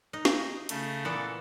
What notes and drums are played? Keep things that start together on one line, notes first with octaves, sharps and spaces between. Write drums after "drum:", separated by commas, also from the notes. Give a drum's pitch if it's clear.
D#4
drum: snare
C#3 A3, drum: hi-hat
A#2 E3 B3 A4